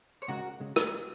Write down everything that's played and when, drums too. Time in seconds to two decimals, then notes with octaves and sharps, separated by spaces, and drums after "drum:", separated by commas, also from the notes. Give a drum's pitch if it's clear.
0.22 C#5
0.28 C#2 C#3 G#3 F#4 A#4
0.60 C#3 G#3
0.76 drum: rim click